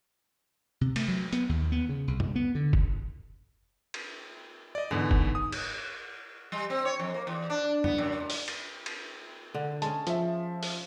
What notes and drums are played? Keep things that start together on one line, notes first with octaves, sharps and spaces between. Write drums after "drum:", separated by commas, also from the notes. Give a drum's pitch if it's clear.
C3
A3, drum: cymbal
F#3
B3, drum: hi-hat
D#2
B3
C#3
C2
drum: tom
B3
D3
drum: kick
drum: cymbal
D5 D#5
E2 G#2 D3 B3
drum: kick
D#6
drum: cymbal
G3
C4
C#5
F2
A#3
E2
D4
B3, drum: tom
F#2
A2
drum: open hi-hat
drum: cymbal
drum: cymbal
D3
G#3 C#4 A5, drum: hi-hat
F3 E5, drum: hi-hat
drum: open hi-hat